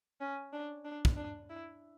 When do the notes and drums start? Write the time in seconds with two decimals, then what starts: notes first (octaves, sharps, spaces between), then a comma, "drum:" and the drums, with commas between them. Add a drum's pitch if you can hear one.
0.21 C#4
0.53 D4
0.85 D4
1.05 drum: kick
1.17 D4
1.49 E4